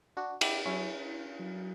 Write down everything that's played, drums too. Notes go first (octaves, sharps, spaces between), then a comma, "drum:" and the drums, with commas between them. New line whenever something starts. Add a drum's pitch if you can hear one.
D4 F#4
E4 G4, drum: cymbal
F#3 C#4 E4
F#3